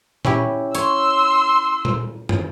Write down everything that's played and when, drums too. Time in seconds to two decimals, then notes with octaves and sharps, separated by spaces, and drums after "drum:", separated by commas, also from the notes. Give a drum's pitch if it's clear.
0.25 C#4 E4 G4, drum: tom A#2
0.75 C#5 C6 E6, drum: hi-hat
1.85 drum: tom A#2
2.29 drum: tom